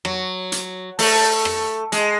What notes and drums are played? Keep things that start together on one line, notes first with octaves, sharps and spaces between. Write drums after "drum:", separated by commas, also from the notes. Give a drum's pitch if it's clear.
F#3, drum: rim click
drum: hi-hat
A3, drum: open hi-hat
drum: rim click
G#3, drum: hi-hat